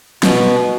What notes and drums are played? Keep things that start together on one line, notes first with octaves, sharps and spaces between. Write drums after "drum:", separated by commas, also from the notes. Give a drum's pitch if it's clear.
B2, drum: snare